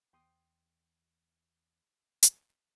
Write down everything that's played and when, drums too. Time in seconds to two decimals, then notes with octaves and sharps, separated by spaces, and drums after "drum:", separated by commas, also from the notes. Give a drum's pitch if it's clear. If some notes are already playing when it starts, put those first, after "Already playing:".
0.13 E2 G5 C6 D#6
2.23 drum: hi-hat